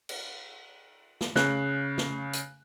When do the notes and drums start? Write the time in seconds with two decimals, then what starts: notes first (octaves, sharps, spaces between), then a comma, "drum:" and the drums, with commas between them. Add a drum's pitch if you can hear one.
0.09 drum: cymbal
1.21 drum: snare
1.36 C#3 F#6, drum: snare
1.98 drum: snare
2.33 drum: hi-hat